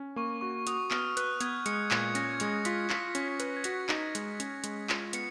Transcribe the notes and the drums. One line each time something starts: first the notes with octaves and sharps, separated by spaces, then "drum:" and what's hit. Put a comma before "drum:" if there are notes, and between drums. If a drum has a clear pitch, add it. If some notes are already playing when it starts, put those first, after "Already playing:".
Already playing: C#4
A#3 C#6
F#4 C#6
F#4 D#6, drum: hi-hat
B3 F6, drum: clap
B4 F#6, drum: hi-hat
B3 G#6, drum: hi-hat
G#3 C#7, drum: hi-hat
A#2 G#6, drum: clap
C#4 A#6, drum: hi-hat
G#3 C#7, drum: hi-hat
F4 B6, drum: hi-hat
F4 B6, drum: clap
C#4, drum: hi-hat
B6
B4, drum: hi-hat
G#6
F#4 A#6, drum: hi-hat
D#4, drum: clap
G#3, drum: hi-hat
C#4, drum: hi-hat
G#3, drum: hi-hat
F4, drum: clap
B3 C#7, drum: hi-hat